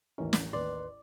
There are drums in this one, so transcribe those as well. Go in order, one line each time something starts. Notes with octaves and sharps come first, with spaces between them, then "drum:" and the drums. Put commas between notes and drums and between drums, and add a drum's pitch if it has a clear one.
A1 D#2 E3 C#4 A#4
drum: snare
D#2 B4 D5 C6